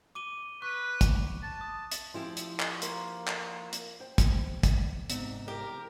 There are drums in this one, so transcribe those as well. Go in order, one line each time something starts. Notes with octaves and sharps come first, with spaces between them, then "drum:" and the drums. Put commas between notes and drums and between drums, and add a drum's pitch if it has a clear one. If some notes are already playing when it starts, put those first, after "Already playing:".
D6 D#7 G7
B4 C#6 F#6
drum: kick, hi-hat
A5
D#6
drum: hi-hat
F3 E4 F4 G4
drum: hi-hat
drum: clap
A#3 C5, drum: hi-hat
drum: clap
drum: hi-hat
C5 G5
drum: kick, hi-hat
drum: kick, hi-hat
G#2 C3 B3, drum: hi-hat
G4 A#4